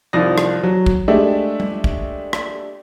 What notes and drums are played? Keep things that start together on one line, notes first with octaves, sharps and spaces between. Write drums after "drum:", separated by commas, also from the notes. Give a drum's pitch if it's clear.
C2 D#3 F3 D5 D#6 A#6
drum: rim click
F#3
drum: kick
G#3 A3 D4 G4 E5
drum: tom G3
drum: kick
drum: rim click